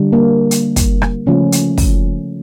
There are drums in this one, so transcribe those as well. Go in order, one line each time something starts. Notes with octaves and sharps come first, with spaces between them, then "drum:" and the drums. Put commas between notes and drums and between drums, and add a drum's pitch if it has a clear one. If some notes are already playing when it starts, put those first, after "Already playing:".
Already playing: D3 G3
A#3
drum: hi-hat
drum: kick, hi-hat
drum: rim click
C#3 F3 A3 C#4
drum: hi-hat
drum: kick, open hi-hat